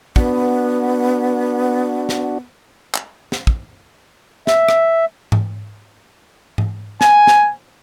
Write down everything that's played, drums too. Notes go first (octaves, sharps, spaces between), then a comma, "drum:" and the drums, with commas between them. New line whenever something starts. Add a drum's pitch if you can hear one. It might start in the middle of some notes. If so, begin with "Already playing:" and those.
B3 D4 F#4, drum: kick
drum: snare
drum: clap
drum: snare
drum: kick
E5, drum: snare
drum: rim click
drum: tom G#2
drum: tom G#2
G#5, drum: snare
drum: snare